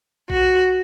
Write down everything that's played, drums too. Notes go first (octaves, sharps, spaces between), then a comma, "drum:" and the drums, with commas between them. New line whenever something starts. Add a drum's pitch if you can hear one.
F#4, drum: kick B1